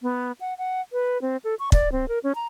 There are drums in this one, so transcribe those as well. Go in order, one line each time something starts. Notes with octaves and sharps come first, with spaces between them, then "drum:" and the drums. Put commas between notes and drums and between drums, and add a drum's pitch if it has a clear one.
B3
F#5
F#5
B4
C4
A4
C#6
D5, drum: kick
C4
A#4
C#4
A#5